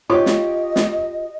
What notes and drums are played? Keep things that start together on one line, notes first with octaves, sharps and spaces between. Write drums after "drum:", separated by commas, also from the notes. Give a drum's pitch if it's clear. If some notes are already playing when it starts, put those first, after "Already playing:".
F4 G4 C#5 D#5 D6
drum: snare
drum: snare